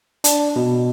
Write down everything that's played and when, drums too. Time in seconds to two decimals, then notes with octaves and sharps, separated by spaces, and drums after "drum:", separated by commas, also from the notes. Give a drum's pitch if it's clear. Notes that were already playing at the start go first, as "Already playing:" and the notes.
0.24 D4, drum: hi-hat
0.56 B2